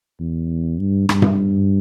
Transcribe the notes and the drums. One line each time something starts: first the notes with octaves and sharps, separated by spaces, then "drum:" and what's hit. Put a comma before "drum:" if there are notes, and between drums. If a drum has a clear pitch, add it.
E2
G2
G2, drum: rim click
drum: tom G2